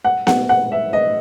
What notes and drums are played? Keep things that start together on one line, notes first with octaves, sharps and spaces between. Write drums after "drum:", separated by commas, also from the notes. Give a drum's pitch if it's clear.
F#5
F#5, drum: snare B3
F#5
E5
D#5